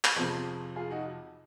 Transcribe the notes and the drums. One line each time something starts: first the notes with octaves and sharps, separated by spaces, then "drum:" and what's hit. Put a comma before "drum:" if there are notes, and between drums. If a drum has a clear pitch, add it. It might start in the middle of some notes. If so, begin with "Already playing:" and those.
drum: clap
F2 C3 F3 G#4 C5
F4 G#4
D#4 F#4